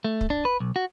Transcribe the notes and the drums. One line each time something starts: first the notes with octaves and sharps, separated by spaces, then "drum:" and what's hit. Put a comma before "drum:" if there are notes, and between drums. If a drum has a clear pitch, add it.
A3
drum: kick
D4
B4
B1
F#4